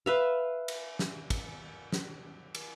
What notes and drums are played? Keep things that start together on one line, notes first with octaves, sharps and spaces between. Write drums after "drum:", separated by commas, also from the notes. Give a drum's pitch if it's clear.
B4 E5 F5
drum: cymbal
drum: snare
drum: kick, cymbal
drum: snare
drum: cymbal